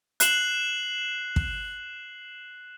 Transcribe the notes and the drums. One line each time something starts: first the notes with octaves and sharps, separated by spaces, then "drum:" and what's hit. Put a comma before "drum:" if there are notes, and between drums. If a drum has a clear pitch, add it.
F#6 C7 E7 F#7, drum: hi-hat
drum: kick